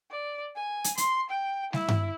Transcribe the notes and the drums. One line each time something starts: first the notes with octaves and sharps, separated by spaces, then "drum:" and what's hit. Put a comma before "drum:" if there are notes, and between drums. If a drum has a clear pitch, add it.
D5
G#5
drum: hi-hat
C6, drum: hi-hat
G5
E4, drum: snare G3
drum: tom G2